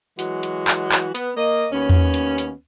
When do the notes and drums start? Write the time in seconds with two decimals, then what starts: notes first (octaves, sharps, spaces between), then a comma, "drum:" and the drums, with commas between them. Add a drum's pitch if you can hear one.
0.19 E3 F#3 G#3 F#4, drum: hi-hat
0.43 drum: hi-hat
0.68 drum: clap
0.92 drum: clap
1.15 B3, drum: hi-hat
1.37 A#3 D#5
1.73 D#2 B3 C#4
1.89 drum: tom E2
2.14 drum: hi-hat
2.38 drum: hi-hat